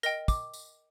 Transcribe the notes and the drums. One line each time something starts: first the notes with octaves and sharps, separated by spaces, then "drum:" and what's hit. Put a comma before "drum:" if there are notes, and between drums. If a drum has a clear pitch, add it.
A#4 D#5 G5 A#6, drum: tambourine
D6, drum: kick, tambourine
drum: tambourine